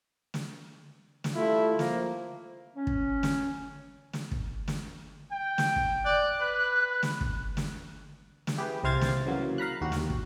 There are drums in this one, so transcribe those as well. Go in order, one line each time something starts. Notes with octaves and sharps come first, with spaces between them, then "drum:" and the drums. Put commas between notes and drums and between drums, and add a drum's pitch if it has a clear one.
drum: snare
drum: snare
G3 A3 E4 F4
F3 A#3, drum: snare
C#4
drum: kick
drum: snare
drum: snare
drum: kick
drum: snare
G5
drum: snare
drum: kick
D5 F#6
B4
drum: snare
drum: kick
drum: snare
drum: snare
E4 G4 G#4 B4
C2 C3 C5 F5 G#6 A6
drum: snare
C#3 E3 F#3 A#3
F5 A#5 B5 F#6
D#2 F#4 G4
drum: snare
drum: kick